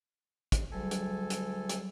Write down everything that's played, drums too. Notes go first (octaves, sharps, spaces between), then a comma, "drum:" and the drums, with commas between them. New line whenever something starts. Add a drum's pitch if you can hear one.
drum: kick, hi-hat
D2 F#3 G3 G#4 A4 G#5
drum: hi-hat
drum: hi-hat
drum: hi-hat